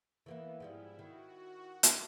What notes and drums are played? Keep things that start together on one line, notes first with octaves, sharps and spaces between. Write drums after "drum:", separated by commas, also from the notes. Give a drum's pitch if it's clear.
E3 A#3 B3 E4
G#2 F3 G3 E4
D#3 F#4
drum: hi-hat